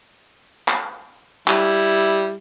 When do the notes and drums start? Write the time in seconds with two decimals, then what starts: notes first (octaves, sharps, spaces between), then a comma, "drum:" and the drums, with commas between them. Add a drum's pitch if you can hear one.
0.68 drum: clap
1.48 G3 E4, drum: clap